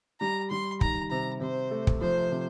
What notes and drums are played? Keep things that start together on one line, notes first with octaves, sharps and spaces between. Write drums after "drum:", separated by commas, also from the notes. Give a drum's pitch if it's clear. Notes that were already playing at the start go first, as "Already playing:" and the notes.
G3 A#5
G3 C6
D#3 A#5, drum: kick
C3 A#5
C3 C5
A3
drum: kick
F3 C5
C3